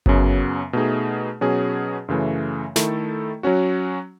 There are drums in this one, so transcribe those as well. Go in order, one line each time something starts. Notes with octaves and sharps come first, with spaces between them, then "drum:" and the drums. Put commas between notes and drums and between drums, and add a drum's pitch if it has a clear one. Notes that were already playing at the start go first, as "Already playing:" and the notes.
F#2 C#3 F#3 B3, drum: kick G1
B2 A3 D#4 G#4
B2 F#3 C#4 G#4
F#2 C#3 E3 A3
D#3 A3 E4 A4, drum: snare
F#3 C#4 F#4